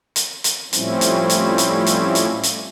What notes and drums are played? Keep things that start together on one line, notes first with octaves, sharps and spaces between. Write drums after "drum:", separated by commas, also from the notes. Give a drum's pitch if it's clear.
drum: hi-hat
drum: hi-hat
A2 F3 G3 C4 C#4 E4, drum: hi-hat
drum: hi-hat
drum: hi-hat
drum: hi-hat
drum: hi-hat
drum: hi-hat
drum: hi-hat